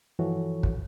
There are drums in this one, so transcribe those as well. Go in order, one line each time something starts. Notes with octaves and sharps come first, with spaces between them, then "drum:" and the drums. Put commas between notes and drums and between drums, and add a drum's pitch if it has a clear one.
G2 E3 F3 F#4 A4 C#5
drum: kick